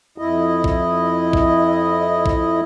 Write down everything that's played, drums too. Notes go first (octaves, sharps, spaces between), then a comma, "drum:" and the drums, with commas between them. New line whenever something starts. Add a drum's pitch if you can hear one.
F2 E4 D#5
drum: kick A#1
drum: kick A#1
drum: kick A#1